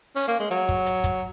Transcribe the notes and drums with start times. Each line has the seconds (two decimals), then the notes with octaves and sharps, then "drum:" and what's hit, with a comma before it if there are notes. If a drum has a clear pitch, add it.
0.16 C#4, drum: open hi-hat
0.28 A#3
0.40 G#3
0.51 F#3, drum: hi-hat
0.69 drum: kick
0.86 drum: hi-hat
1.04 drum: kick, hi-hat